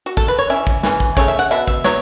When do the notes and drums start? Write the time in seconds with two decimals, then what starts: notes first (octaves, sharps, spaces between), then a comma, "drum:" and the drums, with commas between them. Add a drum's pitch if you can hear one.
0.06 F#4
0.17 A4, drum: kick
0.28 B4
0.39 C#5
0.50 E3 C#4 E5
0.67 drum: kick
0.83 E3 C#4, drum: snare
1.00 drum: kick
1.17 C#3 A3 C#4 C#5, drum: kick
1.28 E5
1.39 F#5
1.51 B2 B3 E5
1.67 E5, drum: kick
1.84 F#3 B3 C#5, drum: snare